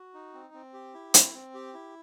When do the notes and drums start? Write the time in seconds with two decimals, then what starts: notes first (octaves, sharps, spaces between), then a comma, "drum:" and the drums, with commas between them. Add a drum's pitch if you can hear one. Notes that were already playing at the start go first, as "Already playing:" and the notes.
Already playing: F#4
0.14 D#4
0.33 C4
0.54 C4
0.74 G4
0.94 E4
1.14 C4, drum: hi-hat
1.34 C4
1.54 G4
1.74 E4